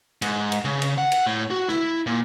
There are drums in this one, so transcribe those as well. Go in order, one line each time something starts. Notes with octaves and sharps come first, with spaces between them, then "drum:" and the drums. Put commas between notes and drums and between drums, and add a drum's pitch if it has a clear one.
G#2, drum: cymbal
drum: cymbal
C#3
drum: cymbal
F#5
drum: cymbal
A2
F#4
E4, drum: snare
A#2